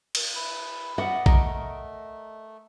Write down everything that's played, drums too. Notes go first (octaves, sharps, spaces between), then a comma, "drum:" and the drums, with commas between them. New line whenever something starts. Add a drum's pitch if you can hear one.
drum: cymbal
E4 B4
C#4 F#4 D5 D#5 F#5
A3 A#4 D#5 C#6, drum: kick